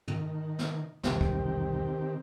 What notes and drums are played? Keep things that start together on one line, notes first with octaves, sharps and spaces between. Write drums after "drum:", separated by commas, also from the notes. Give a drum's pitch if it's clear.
D#3, drum: tom
drum: snare
E1 C2 F2 D#3 C4 G4, drum: snare
drum: kick